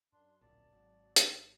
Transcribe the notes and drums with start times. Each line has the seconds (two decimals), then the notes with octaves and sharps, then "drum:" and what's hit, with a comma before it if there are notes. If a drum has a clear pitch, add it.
0.12 F#2 D4 C6
0.41 D1 A#1 D5 A5
0.72 G#1 F#3
1.16 drum: hi-hat